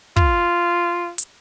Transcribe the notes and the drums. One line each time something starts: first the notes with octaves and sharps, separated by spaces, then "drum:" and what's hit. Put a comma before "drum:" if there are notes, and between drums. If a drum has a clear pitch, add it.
F4, drum: kick
drum: hi-hat